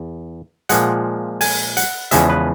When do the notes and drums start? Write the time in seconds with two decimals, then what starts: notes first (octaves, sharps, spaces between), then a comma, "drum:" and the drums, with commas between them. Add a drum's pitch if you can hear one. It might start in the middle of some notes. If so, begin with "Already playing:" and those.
Already playing: E2
0.69 A#2 F3 G#3 F#5, drum: hi-hat
1.41 G#5, drum: open hi-hat
1.77 F#5, drum: hi-hat
2.11 E2 C#3 F3 G#3 E5, drum: hi-hat
2.30 B4